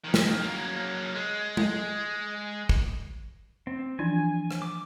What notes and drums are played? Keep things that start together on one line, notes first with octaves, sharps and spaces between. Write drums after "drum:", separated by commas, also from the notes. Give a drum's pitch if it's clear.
F2 D#3
drum: snare
F#3 A#3
G#3
drum: tom G#3
drum: kick
C4
E3 F3 D4 G#5
drum: rim click
D6